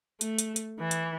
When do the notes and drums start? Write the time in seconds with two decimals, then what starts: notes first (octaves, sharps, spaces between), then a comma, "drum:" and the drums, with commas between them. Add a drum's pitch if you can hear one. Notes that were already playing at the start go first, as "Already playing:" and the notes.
0.21 A3, drum: hi-hat
0.39 drum: hi-hat
0.56 drum: hi-hat
0.80 E3
0.91 drum: hi-hat